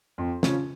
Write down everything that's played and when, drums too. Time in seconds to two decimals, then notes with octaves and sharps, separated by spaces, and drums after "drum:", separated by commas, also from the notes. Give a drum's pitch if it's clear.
0.18 F2
0.43 C#3 F3 C#4, drum: snare